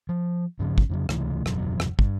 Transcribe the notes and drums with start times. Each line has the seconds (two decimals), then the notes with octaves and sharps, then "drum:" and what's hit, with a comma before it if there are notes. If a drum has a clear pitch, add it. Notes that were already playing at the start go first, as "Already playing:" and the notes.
0.09 F3
0.59 G2 C#3 F3 C#4
0.78 drum: kick
0.89 F2 C#3 F#3
1.09 C#2 C3 E3 A3, drum: rim click
1.46 F#1 E2 B2 F#3, drum: rim click
1.80 drum: rim click
1.99 G2, drum: kick